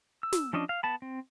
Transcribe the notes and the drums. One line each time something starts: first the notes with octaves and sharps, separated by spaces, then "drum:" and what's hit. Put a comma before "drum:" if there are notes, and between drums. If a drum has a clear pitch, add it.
E6
drum: snare
F3 C#4 D4 D#5
F5
B3 A5 B5
C4